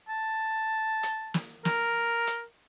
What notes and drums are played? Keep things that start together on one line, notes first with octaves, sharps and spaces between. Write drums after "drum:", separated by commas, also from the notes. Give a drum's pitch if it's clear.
A5
drum: hi-hat
drum: snare
A#4, drum: snare
drum: hi-hat